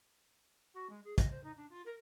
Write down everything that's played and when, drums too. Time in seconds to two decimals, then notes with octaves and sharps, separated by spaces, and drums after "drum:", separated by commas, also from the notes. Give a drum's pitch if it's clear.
0.74 F#4
0.90 G#3
1.04 G#4
1.18 D#5, drum: kick, hi-hat
1.30 C5
1.44 D#4
1.57 D4
1.70 F4
1.86 A#4